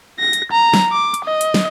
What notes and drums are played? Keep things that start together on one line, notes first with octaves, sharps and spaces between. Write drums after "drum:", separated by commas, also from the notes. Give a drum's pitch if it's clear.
A#6
drum: hi-hat
A#5
drum: snare
D6
drum: hi-hat
D#5
drum: hi-hat
drum: snare